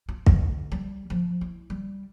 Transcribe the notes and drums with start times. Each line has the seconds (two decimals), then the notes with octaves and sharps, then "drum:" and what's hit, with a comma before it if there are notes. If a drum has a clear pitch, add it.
0.09 F4
0.26 D2, drum: kick
0.72 G3
1.10 F3
1.41 E4
1.70 G3